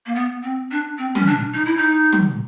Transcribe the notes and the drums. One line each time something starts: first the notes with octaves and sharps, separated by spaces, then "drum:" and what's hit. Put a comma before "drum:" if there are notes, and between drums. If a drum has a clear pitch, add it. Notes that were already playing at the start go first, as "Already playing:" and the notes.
A#3
B3
C4
D4
C4
C#4, drum: tom
D4
D#4
E4
D#4
drum: tom